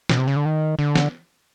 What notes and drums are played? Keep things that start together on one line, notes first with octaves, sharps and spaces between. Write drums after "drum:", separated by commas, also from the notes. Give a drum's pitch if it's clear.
B2, drum: snare
C3
C#3
D3
D#3
D3
drum: snare